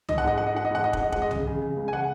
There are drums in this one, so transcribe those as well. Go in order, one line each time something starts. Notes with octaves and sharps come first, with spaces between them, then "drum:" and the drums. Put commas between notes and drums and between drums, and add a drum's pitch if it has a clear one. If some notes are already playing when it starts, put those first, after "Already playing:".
D#4 D#5, drum: tom
F#5
G#2 D#5
D#4 F#5
D#5
D#4 F#5
D#5
G#2 F#5
G#2 D#5
F#5, drum: kick
G#2 D#5
G#3 F#5, drum: kick
D#5
C#3, drum: tom
C#3
C#3
C#2
G#5
C#3 F#5